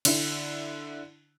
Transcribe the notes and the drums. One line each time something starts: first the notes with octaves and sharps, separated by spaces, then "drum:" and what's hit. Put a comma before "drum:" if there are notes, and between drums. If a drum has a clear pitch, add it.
D3 E4, drum: cymbal